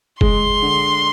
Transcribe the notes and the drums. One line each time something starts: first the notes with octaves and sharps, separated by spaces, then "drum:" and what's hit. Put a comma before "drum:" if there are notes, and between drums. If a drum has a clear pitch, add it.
G#3 C6, drum: kick F#1
D3